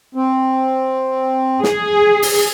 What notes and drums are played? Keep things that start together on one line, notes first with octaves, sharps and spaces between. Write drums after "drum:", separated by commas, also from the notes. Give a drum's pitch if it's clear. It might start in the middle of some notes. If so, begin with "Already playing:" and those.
C4
G#4, drum: snare
drum: open hi-hat